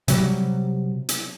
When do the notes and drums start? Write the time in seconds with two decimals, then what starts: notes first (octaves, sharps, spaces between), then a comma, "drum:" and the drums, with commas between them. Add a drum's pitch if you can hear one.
0.08 C3 F#3 G3, drum: hi-hat
1.09 drum: hi-hat